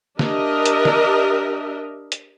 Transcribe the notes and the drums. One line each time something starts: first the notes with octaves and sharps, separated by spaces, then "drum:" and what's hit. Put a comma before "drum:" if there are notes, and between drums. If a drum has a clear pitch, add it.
D4 G4 A#4 D#5 E5, drum: snare
drum: hi-hat
drum: snare
drum: hi-hat